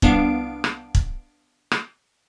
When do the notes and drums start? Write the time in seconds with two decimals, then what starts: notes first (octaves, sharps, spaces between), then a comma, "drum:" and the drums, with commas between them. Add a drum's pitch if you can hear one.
0.02 C2 B3 D4 F5 D7, drum: kick
0.64 drum: rim click
0.95 drum: kick
1.71 drum: rim click